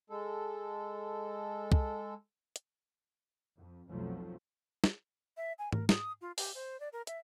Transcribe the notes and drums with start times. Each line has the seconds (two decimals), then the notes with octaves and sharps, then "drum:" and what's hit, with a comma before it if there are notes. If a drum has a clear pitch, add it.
0.10 G#3 A4
1.72 drum: kick
2.56 drum: hi-hat
3.58 F2
3.90 B1 F2 F3 F#3 A3
4.84 drum: snare
5.37 E5
5.59 G#5
5.73 A#4, drum: tom G#2
5.89 D#6, drum: snare
6.21 F4
6.38 G4, drum: open hi-hat
6.55 C5
6.80 D5
6.93 A#4
7.07 E5, drum: hi-hat